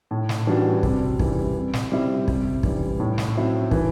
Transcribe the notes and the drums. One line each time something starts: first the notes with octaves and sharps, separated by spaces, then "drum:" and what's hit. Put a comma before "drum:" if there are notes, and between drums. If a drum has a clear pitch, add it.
A2
drum: snare
E3 G3 D4 F#4
C3, drum: kick
E3 G3, drum: kick
C3
drum: snare
G3 C4 E4
C3, drum: kick
E3 G3, drum: kick
A2
drum: snare
F#3 C4 E4
E3, drum: kick